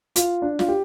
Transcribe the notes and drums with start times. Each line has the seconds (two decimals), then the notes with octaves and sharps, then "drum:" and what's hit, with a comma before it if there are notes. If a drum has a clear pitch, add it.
0.16 F4, drum: hi-hat
0.42 D4
0.59 F4, drum: snare
0.68 G4